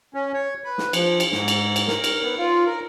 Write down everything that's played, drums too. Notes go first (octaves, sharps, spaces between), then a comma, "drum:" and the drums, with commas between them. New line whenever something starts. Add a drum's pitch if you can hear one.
C#4
C#5
B4
drum: snare
F3, drum: cymbal
drum: cymbal
G#2, drum: snare
drum: cymbal
drum: cymbal
A#4, drum: snare
drum: cymbal
B3
F4
A#4